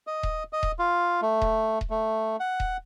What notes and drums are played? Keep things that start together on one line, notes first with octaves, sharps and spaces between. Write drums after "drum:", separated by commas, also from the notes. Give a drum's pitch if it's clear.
D#5
drum: kick D#1
D#5
drum: kick D#1
F4
A3
drum: kick D#1
drum: kick D#1
A3
F#5
drum: kick D#1